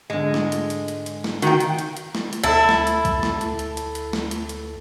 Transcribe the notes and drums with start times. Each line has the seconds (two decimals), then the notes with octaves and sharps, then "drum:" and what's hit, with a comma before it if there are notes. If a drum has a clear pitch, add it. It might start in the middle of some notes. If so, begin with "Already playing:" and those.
0.10 G#2 D3 G#3
0.34 drum: snare
0.52 drum: hi-hat
0.70 drum: hi-hat
0.88 drum: hi-hat
1.06 drum: hi-hat
1.24 drum: snare
1.42 D#3 F#4 F5 G5, drum: hi-hat
1.60 drum: hi-hat
1.79 drum: hi-hat
1.97 drum: hi-hat
2.15 drum: snare
2.33 drum: hi-hat
2.44 D2 E4 A4 A5
2.69 drum: snare
2.87 drum: hi-hat
3.05 drum: kick, hi-hat
3.23 drum: snare
3.41 drum: hi-hat
3.59 drum: hi-hat
3.77 drum: hi-hat
3.95 drum: hi-hat
4.13 drum: snare
4.31 drum: hi-hat
4.49 drum: hi-hat